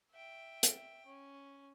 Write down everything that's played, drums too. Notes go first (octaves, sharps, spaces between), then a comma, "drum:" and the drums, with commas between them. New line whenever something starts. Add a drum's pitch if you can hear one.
E5 G5
drum: hi-hat
C#4